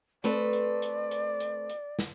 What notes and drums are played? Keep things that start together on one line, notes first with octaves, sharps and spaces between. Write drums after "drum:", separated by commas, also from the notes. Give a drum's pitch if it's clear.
A3 C4 B4 D5, drum: hi-hat
drum: hi-hat
drum: hi-hat
drum: hi-hat
drum: hi-hat
drum: hi-hat
drum: snare